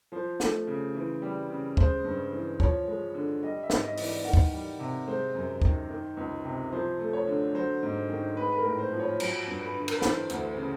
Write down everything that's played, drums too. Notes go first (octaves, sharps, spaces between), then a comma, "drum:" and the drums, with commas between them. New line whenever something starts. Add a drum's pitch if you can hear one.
F3 C5
A3, drum: snare
C#3
E3
G3
C#3
G#3 C5, drum: kick D2
G2
E3
F3 C#5, drum: kick D2
G#3
D3
G3 D#5
E5
G#2, drum: snare
D#5
E3, drum: open hi-hat
D5
D#3 F#5
drum: kick D2
G3
C3
G#3 C5
F#2
D#3, drum: kick D2
D#3
C#2
C3
F3 C5
A3
C#5
D3
F#3 C5
G#2
D#3
G#3 B4
B4
A#4
A2
C5
F3
C#5
F#3, drum: cymbal
G2
B4
D3
A#4, drum: cymbal
B4
E3 C5, drum: snare
D2, drum: hi-hat
C#3